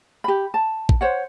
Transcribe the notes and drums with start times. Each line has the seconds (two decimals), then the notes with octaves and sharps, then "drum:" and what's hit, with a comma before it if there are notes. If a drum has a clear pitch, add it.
0.24 G4 B5
0.54 A5
0.89 drum: kick
1.01 C5 C#5 F#5